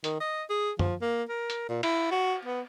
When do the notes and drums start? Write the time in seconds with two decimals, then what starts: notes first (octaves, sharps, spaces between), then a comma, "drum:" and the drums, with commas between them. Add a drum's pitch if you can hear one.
0.04 D#3, drum: hi-hat
0.20 D#5
0.50 G#4
0.79 F3, drum: tom
1.02 A#3
1.29 A#4
1.50 drum: hi-hat
1.69 A#2
1.83 E4, drum: cymbal
2.11 F#4
2.45 B3